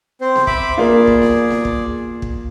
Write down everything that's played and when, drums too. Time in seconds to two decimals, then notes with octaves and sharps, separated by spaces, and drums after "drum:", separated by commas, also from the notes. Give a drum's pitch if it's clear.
0.21 C4 C5
0.36 drum: snare B3
0.47 E5 B5 D6, drum: kick
0.78 A#3 F4 G#4 D5
1.07 drum: kick
1.22 drum: snare B3
1.50 drum: snare B3
1.65 drum: kick
2.22 drum: kick